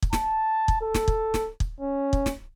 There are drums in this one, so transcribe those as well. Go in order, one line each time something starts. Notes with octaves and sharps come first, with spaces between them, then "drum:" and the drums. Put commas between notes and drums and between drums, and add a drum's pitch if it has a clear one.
drum: kick
A5, drum: snare
drum: kick
A4
drum: snare
drum: kick
drum: snare
drum: kick
C#4
drum: kick
drum: snare